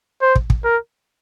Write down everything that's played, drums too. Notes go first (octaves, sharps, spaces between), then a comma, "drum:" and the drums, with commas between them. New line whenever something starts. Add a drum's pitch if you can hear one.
C5
drum: kick
drum: kick
A#4